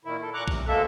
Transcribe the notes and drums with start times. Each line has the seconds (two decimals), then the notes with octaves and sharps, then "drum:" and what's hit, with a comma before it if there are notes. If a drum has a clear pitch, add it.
0.05 A#2 D#3 E4
0.21 A4
0.34 A#2 A#5 C#6 D6 F#6
0.48 C3, drum: kick B1
0.68 D2 G#3 A#3 A4 E5